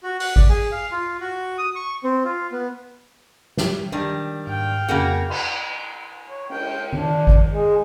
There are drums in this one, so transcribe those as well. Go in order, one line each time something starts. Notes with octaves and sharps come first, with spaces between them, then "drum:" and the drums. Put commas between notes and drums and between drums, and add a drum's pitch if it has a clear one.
F#4
F#5, drum: open hi-hat
D5, drum: kick G#1
G#4
F5
F4
F#4
D#6
C#6
C4
F4
B3
G3 G4, drum: snare
D#3 G3 D4
G#2 F5 G5
F2 C#3 A#3 F#4 G#4
drum: cymbal
C#5
G5, drum: cymbal
D4, drum: tom D#3
drum: kick G#1
G#3